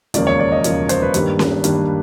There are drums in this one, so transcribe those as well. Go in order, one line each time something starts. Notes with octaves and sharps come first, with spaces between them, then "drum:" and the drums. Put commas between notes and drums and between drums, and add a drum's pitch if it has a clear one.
E1 D#2 C#3 F3 A#3 D5, drum: hi-hat
C#5
D5
D#5
E1 D#2 C#3 F3 A#3, drum: hi-hat
C5, drum: hi-hat
B4
G2 D#3 G3 A#3 D4, drum: hi-hat
drum: snare C#4
G2 D#3 G3 A#3 D4, drum: hi-hat